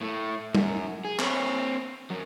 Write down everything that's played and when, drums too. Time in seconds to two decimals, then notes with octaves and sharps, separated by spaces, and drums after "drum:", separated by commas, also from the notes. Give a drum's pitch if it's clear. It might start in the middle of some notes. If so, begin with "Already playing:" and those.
0.01 A2 A3
0.55 F#2, drum: tom G3
1.05 G#4
1.19 C4 C#5, drum: clap
2.10 F#2 F#3